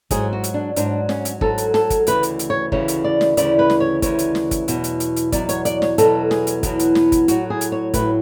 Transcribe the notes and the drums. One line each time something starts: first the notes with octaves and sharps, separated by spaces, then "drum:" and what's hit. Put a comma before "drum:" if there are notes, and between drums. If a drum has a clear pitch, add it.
G#2 F#3 G#4, drum: kick, hi-hat
F#4
drum: hi-hat
D4
G#2 F#3 D4, drum: hi-hat
C#4, drum: snare
drum: hi-hat
G#2 F#3 A4, drum: kick
drum: hi-hat
A4, drum: snare
drum: kick, hi-hat
D2 C#3 E3 B4, drum: hi-hat
drum: hi-hat
drum: hi-hat
C#5
D2 C#3 E3 C#5, drum: kick
drum: hi-hat
D5
drum: snare
D2 C#3 E3 D5, drum: hi-hat
B4
drum: snare
C#5
D2 C#3 E3 C#5, drum: kick, hi-hat
drum: hi-hat
drum: snare
drum: kick, hi-hat
E2 B2 F#3, drum: hi-hat
drum: hi-hat
drum: hi-hat
drum: hi-hat
E2 B2 F#3 D5, drum: kick, hi-hat
C#5, drum: hi-hat
D5, drum: hi-hat
C#5, drum: snare
E2 B2 F#3 A4, drum: hi-hat
G#4, drum: snare
drum: hi-hat
E2 B2 F#3 B3, drum: kick, hi-hat
drum: hi-hat
B3, drum: snare
drum: kick, hi-hat
A2 F#3 F#4, drum: hi-hat
G#4
drum: hi-hat
C#5
A2 F#3 B4, drum: kick, hi-hat